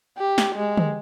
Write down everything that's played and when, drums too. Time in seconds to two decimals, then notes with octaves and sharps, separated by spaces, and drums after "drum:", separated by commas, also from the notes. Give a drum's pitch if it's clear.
0.18 G4
0.38 drum: snare
0.56 G#3
0.77 drum: tom D3